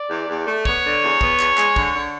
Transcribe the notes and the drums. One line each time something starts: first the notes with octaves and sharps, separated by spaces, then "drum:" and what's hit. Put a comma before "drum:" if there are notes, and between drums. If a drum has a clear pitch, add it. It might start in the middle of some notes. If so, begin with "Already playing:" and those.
Already playing: D5
E2
E2
A3
B3 C#5, drum: kick
D3
E2
B3, drum: kick
E2, drum: clap
G#3, drum: clap
D3, drum: kick
D3